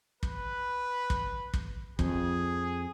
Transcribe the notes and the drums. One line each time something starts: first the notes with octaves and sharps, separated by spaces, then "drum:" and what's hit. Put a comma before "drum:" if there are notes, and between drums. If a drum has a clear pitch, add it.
B4, drum: kick
drum: kick
drum: kick
F2 G#4, drum: kick